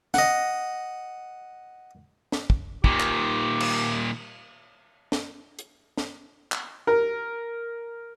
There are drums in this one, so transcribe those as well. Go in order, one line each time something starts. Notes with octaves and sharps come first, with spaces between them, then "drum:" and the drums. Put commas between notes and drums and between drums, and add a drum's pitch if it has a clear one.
D#5 F#5, drum: snare
drum: snare
drum: kick
A#2 D#3 G4, drum: kick
drum: clap
drum: cymbal
drum: snare
drum: hi-hat
drum: snare
drum: clap
A#4